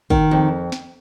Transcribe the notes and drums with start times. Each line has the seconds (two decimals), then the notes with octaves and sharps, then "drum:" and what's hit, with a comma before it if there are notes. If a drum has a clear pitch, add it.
0.10 D#3, drum: kick
0.31 F2
0.72 drum: snare